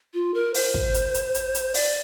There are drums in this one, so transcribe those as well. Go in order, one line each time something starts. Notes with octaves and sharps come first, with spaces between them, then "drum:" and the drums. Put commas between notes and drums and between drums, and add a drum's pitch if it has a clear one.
F4
A#4
C5, drum: open hi-hat
drum: kick
drum: hi-hat
drum: hi-hat
drum: hi-hat
drum: hi-hat
D5, drum: open hi-hat